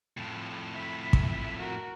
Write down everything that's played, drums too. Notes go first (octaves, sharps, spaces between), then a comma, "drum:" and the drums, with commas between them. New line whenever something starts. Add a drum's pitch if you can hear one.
F2 A2
E5 B5
drum: kick
F#4 A#4